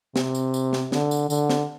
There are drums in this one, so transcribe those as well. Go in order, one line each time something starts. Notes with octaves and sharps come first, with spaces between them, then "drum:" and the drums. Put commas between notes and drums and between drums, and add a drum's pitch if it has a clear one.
C3, drum: snare
drum: tambourine
drum: tambourine
drum: snare
D3, drum: snare
drum: tambourine
D3, drum: tambourine
drum: snare